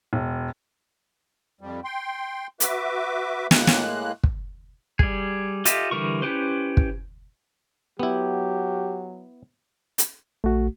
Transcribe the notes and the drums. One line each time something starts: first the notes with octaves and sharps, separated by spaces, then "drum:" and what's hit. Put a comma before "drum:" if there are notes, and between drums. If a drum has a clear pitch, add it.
E1
F2 G3
G5 C6
F#4 B4 E5 D6, drum: hi-hat
A2 G#3 A#3 F#6, drum: snare
drum: snare
drum: kick
G3 G#4, drum: kick
F4 G4 A4 D#5 E5, drum: hi-hat
D3 E3 G3 A#4 C#6
C#4 E4 G4 B4 C5
drum: kick
F#3 B3 E4 G4
drum: hi-hat
A#1 A3 F#4